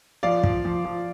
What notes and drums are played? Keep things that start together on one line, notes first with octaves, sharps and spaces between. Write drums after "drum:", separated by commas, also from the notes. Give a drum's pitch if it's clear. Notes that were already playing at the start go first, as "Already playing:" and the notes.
F3 D5 F5
F3, drum: kick
F3
F3